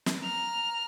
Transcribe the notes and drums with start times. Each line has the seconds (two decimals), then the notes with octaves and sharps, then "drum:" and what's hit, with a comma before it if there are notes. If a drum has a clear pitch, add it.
0.06 drum: snare
0.22 A#5 F6